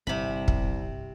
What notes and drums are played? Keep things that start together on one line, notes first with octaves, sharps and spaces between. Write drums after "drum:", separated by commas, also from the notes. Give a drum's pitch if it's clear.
G1 C2 C3 C4 B5
drum: kick